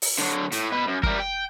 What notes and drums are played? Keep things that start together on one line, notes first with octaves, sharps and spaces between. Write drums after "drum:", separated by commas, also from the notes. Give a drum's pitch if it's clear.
drum: open hi-hat
D3 F#3
A2, drum: hi-hat
B2 B4
F#2
G3 A#4, drum: kick
G5